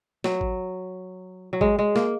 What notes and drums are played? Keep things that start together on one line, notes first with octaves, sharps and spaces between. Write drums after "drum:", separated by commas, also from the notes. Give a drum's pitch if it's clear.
F#3, drum: snare
drum: kick G#1
F#3
G#3, drum: kick G#1
G#3
A#3, drum: snare